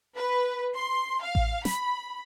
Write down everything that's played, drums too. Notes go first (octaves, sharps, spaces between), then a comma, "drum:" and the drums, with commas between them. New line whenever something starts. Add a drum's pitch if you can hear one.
B4
C6
F5
drum: kick A1
B5, drum: snare